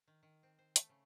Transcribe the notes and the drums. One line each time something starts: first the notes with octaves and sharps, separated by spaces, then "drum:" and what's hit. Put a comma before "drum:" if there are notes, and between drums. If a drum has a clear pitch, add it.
D#3
D#3
C4
C5
A3, drum: hi-hat
C#3